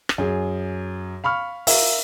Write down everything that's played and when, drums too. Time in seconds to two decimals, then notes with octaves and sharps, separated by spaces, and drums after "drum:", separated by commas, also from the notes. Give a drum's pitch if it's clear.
0.09 drum: rim click
0.18 F#2 G#4
1.24 F5 B5 C#6 F6
1.67 A#4 E5 F5, drum: open hi-hat